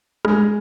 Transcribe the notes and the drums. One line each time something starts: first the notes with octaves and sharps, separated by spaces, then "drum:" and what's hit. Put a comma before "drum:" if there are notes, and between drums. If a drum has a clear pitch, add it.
G#3, drum: rim click